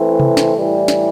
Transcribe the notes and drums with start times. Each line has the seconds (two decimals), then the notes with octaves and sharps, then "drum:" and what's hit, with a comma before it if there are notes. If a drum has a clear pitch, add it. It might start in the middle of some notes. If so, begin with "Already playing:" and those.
Already playing: E3 A3 C4
0.20 drum: tom C3
0.37 drum: snare
0.57 A2 E3 G3
0.88 drum: snare